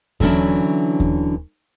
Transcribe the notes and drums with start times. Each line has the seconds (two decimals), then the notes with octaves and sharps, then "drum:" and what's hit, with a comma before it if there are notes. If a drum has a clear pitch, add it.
0.20 D3 E3 F#3 C#4 D4 E4, drum: kick D#2
1.00 drum: kick D#2